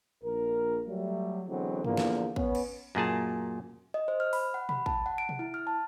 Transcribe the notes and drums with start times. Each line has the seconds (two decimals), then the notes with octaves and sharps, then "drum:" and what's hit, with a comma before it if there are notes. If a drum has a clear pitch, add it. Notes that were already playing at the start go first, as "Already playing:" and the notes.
0.24 A#1 A#4
0.88 F#3 G3 A3
1.47 D3 E3 F#3 G#3 B3 C4
1.84 E2 D3 F3 A#3, drum: tom G2
1.97 drum: snare
2.36 B3 C#4, drum: kick
2.55 drum: cymbal
2.95 F#2 A#2 G#4 A5
3.94 D#5
4.08 C5
4.20 F6
4.33 B5, drum: open hi-hat
4.54 F#5
4.69 B5, drum: tom B2
4.86 A5, drum: kick
5.06 F#5
5.18 D7
5.29 drum: tom B2
5.39 E4
5.54 F6
5.67 A5